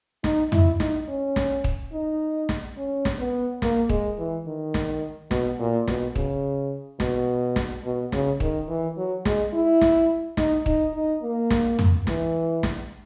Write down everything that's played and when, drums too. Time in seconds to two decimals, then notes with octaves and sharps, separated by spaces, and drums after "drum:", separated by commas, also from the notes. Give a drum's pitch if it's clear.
0.24 D#4, drum: snare
0.52 E4, drum: tom
0.80 D#4, drum: snare
1.08 C#4
1.36 drum: snare
1.64 drum: kick
1.93 D#4
2.49 drum: snare
2.77 C#4
3.05 drum: snare
3.19 B3
3.62 A#3, drum: snare
3.89 G#3, drum: kick
4.18 E3
4.46 D#3
4.74 drum: snare
5.31 B2, drum: snare
5.59 A#2
5.88 B2, drum: snare
6.16 C#3, drum: kick
7.00 B2, drum: snare
7.56 drum: snare
7.85 B2
8.12 C#3, drum: snare
8.40 D#3, drum: kick
8.68 E3
8.97 F#3
9.25 G#3, drum: snare
9.53 E4
9.81 drum: snare
10.37 D#4, drum: snare
10.66 D#4, drum: kick
10.95 D#4
11.23 A#3
11.50 drum: snare
11.79 drum: tom
12.07 E3, drum: snare
12.63 drum: snare